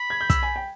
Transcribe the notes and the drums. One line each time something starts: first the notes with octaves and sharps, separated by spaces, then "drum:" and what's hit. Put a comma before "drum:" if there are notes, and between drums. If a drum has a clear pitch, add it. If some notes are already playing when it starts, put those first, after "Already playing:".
Already playing: B5
G#6
G6
E6, drum: kick, hi-hat
G#5
G5